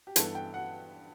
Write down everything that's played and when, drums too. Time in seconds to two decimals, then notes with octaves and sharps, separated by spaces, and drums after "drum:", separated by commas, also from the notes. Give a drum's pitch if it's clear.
0.07 G4
0.16 G2 E3 B3 A4, drum: hi-hat
0.35 G5
0.54 F#5